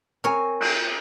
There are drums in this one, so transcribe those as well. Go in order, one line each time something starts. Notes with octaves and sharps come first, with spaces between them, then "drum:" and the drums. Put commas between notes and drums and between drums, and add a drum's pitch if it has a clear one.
C4 A#4 C#5 G#5
drum: cymbal